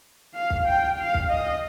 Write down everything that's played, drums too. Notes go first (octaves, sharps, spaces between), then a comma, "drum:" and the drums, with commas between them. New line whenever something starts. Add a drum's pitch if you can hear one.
F5
drum: kick
G5
F5
drum: kick
D#5